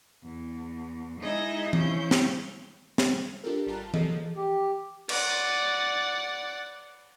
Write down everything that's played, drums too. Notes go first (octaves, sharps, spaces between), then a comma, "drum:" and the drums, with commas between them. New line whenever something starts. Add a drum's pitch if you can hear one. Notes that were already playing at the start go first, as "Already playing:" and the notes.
E2
G#3 D#4 E4 G#4 D#5 E5
F3 C#4 E4 G6, drum: tom E3
drum: snare
drum: snare
D4 F4 G4 A4 A#4
G#1 G3 F4 A5 A#5 F#6
F3 F#3 A#3 G#4 A4 D#5, drum: tom E3
G4
D5 F#5, drum: cymbal